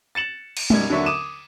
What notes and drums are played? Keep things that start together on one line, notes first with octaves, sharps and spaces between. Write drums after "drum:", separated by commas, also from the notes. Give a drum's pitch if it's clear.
A6 C#7 E7 F#7
drum: cymbal
F#2 B2 G3 D#4 G#6, drum: tom G#3
D#2 D3 F#3 D4 E5 C#6
D6 D#6 D#7 E7